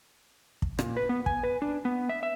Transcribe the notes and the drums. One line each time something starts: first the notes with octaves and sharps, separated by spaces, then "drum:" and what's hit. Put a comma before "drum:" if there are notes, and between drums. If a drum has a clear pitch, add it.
drum: kick
A#2, drum: rim click
B4
B3
G#5, drum: kick
B4
D4
B3
E5
E5